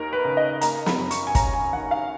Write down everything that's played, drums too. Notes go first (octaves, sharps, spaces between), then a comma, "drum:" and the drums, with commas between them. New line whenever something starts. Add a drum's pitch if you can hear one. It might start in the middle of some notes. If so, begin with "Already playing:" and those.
Already playing: D#2 D#4 A#4
B4
C#3
D#5
A#3 A#5, drum: hi-hat
B5, drum: snare
F#2
C#6, drum: hi-hat
G#5
C#4 A#5, drum: kick, hi-hat
G#5
D#3 F#5
F5